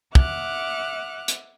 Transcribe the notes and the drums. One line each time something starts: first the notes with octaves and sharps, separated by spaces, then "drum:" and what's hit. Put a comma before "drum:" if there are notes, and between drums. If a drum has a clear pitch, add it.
E5 F#5 D6 F6 F#6, drum: kick
drum: hi-hat